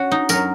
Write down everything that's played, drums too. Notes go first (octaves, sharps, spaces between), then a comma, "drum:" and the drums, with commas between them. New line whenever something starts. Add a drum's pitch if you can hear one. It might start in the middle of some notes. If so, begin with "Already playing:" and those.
Already playing: C#4 F#4
D#4
F#2 F#3 A#4, drum: tambourine